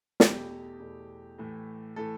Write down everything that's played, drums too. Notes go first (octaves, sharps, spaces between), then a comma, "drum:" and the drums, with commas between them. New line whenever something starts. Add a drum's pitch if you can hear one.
E2 B2 A3 G4, drum: snare
E2 B2 A3
A2 E3 A3
A2 E3 A3 A4